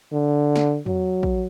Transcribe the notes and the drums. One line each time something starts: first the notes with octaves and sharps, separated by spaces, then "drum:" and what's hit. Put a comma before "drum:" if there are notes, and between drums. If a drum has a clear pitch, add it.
D3
drum: snare
F#3, drum: tom
drum: kick A#1